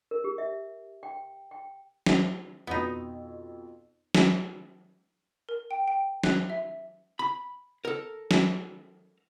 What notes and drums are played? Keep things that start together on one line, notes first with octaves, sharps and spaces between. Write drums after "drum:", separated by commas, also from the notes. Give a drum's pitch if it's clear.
A#4
G4
E5
G5
G5
drum: snare
F2 B2 B3 D#4
drum: snare
A#4
G5
G5
F#6, drum: snare
E5
B5
A4 A#4
drum: snare